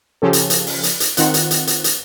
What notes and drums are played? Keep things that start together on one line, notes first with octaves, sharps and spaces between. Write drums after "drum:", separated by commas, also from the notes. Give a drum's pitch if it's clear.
C#3 F3 C#4 G4 A4
drum: hi-hat
drum: hi-hat
drum: open hi-hat
drum: hi-hat
drum: hi-hat
D#3 C4 F4 F#5, drum: hi-hat
drum: hi-hat
drum: hi-hat
drum: hi-hat
drum: hi-hat